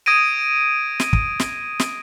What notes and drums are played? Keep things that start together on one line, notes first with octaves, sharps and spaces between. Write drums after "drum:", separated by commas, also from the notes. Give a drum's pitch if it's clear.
D#6 G#6 A#6 D7 D#7
drum: snare
drum: kick
drum: snare
drum: snare